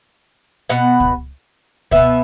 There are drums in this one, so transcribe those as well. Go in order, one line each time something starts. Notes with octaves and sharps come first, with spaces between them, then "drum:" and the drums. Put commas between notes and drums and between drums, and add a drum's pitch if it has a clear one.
B2 B3 F#5
drum: kick
B2 B3 E5, drum: kick